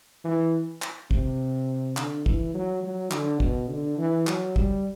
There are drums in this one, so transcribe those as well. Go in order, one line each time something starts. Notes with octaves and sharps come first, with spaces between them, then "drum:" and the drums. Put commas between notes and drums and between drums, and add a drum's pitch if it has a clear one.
E3
drum: clap
C3, drum: kick
D3, drum: clap
E3, drum: kick
F#3
F#3
D3, drum: clap
B2, drum: kick
D3
E3
F#3, drum: clap
G3, drum: kick